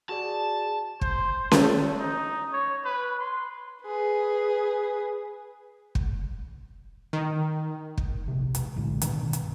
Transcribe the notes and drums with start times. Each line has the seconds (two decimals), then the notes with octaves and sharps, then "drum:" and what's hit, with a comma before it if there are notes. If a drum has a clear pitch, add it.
0.09 F#4 G#4 D5 A5
1.01 C5, drum: kick
1.51 A3, drum: snare C#4
1.99 D#4
2.53 C#5
2.85 B4
3.19 C6
3.85 G#4 B4
5.95 drum: kick
7.13 D#3
7.98 drum: kick
8.28 A#1 C3
8.55 E1, drum: hi-hat
8.76 B1 A2 D3 G#3
9.02 G1 B2 D#3 D4, drum: hi-hat
9.33 drum: hi-hat